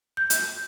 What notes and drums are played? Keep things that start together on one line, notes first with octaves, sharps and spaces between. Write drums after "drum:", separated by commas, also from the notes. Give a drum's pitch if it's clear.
G6
drum: hi-hat